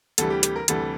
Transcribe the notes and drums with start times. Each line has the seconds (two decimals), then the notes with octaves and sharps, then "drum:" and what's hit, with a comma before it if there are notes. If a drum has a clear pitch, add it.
0.18 D2 C3 E3 G3 A4, drum: hi-hat
0.30 G4
0.43 G4, drum: hi-hat
0.56 A#4
0.68 D2 C3 E3 G3 A4, drum: hi-hat